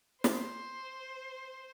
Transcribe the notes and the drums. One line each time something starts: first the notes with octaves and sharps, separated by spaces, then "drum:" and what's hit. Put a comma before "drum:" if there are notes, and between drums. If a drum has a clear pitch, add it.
C5, drum: snare